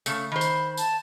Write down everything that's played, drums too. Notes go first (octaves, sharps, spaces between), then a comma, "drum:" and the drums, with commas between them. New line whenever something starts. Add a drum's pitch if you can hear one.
C#3 A3, drum: tambourine
D#3 C5 B5
drum: tambourine
A5, drum: tambourine